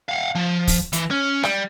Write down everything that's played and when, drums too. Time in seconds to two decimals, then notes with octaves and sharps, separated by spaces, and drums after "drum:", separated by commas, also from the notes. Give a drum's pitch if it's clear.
0.09 F5 F#5
0.35 F3
0.67 drum: kick, open hi-hat
0.93 E3, drum: hi-hat
1.11 C#4
1.43 G3, drum: rim click